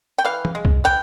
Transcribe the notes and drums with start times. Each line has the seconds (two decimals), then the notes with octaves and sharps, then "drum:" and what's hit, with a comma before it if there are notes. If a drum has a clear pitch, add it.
0.18 G5
0.25 E3 F5
0.45 drum: tom
0.55 G#3
0.65 drum: kick C2
0.84 E3 G5